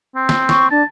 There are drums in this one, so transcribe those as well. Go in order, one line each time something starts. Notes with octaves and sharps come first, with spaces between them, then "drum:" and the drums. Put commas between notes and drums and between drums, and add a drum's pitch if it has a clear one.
C4
drum: snare
C#6, drum: snare
D4 A5